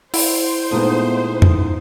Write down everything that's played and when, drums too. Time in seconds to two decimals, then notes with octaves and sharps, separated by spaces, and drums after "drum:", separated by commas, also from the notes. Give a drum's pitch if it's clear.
0.14 E4 C5, drum: open hi-hat
0.71 A#2 G#3 A3 B3 D#4 D#6
1.42 drum: tom F2